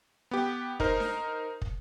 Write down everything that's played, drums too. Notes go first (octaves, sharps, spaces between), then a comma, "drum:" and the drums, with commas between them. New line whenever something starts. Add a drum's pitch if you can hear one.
B3 G4
D#4 A#4 C5, drum: kick
drum: snare D4
drum: kick